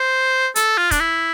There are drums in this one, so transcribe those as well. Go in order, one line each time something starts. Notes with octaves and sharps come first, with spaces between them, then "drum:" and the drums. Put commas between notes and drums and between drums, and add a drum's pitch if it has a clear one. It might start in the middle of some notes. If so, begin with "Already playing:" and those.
Already playing: C5
A4, drum: hi-hat
F4
D4, drum: kick, hi-hat
E4